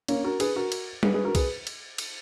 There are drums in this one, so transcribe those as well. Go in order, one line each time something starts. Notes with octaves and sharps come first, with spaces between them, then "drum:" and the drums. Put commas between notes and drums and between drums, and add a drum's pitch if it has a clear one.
A#3 C#4, drum: cymbal
F#4 A#4
G#4 B4, drum: cymbal
F#4 A#4
drum: cymbal
G#4 B4, drum: tom G3
G#4 B4
F#4 A#4
G#4 B4, drum: kick C2, cymbal
drum: cymbal
drum: cymbal